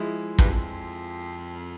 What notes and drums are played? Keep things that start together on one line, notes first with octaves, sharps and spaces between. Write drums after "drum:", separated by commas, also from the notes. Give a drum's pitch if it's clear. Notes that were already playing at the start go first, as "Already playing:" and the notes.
Already playing: F3 G#3 E4
G2, drum: kick
F2